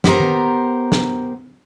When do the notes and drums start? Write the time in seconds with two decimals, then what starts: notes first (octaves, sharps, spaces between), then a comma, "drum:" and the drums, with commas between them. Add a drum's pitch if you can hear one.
0.04 B3 G4 A#4 C5 A#5, drum: snare
0.20 drum: tom D#3
0.92 drum: snare